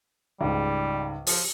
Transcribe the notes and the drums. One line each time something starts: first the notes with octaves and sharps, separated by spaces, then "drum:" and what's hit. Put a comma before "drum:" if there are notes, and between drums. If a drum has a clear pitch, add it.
C#2 G#2 G3
F3, drum: open hi-hat